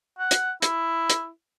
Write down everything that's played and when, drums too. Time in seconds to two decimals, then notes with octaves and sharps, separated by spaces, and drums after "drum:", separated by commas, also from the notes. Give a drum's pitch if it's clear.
0.19 F#5
0.31 drum: hi-hat
0.62 E4, drum: hi-hat
1.10 drum: hi-hat